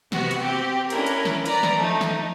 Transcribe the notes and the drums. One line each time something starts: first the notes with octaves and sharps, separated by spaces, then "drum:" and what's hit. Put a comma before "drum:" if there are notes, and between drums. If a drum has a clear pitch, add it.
C3 B3 F#4, drum: snare
drum: hi-hat
C4 G4
C#4 D4 E4 A#4, drum: hi-hat
drum: hi-hat
drum: snare
B4 D5 A#5, drum: hi-hat
drum: snare
F3 A3 D#4
drum: snare